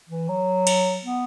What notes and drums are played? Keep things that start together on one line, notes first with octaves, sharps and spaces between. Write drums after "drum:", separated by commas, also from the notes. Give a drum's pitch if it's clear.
E3
F#3
drum: cymbal
B3